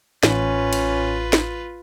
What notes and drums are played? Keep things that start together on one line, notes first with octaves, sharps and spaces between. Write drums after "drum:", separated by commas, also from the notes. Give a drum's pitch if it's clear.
A1 C#4 F4 B4, drum: snare
drum: cymbal
drum: snare